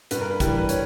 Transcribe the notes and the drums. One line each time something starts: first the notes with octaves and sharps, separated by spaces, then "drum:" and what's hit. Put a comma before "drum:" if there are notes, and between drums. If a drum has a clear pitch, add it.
G2 B4, drum: hi-hat
A#4
B4
E3 G3, drum: kick, hi-hat
B4
C#5, drum: hi-hat